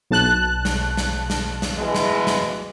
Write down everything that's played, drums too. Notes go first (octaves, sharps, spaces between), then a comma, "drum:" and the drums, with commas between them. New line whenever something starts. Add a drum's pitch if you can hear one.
B1 A5 F#6
drum: snare
drum: snare
drum: snare
drum: snare
B2 E3 G#3
drum: snare
drum: snare